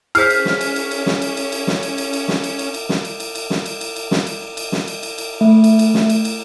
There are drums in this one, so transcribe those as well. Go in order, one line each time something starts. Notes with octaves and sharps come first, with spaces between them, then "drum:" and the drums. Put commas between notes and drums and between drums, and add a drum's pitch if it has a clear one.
C#4 E4 G#4 C5 F6 B6 C7, drum: cymbal
drum: cymbal
drum: snare
drum: cymbal
drum: cymbal
drum: cymbal
drum: snare
drum: cymbal
drum: cymbal
drum: cymbal
drum: snare
drum: cymbal
drum: cymbal
drum: cymbal
drum: snare
drum: cymbal
drum: cymbal
drum: cymbal
drum: snare
drum: cymbal
drum: cymbal
drum: cymbal
drum: snare
drum: cymbal
drum: cymbal
drum: cymbal
drum: snare
drum: cymbal
drum: cymbal
drum: snare
drum: cymbal
drum: cymbal
drum: cymbal
A3
drum: cymbal
drum: cymbal
drum: snare
drum: cymbal
drum: cymbal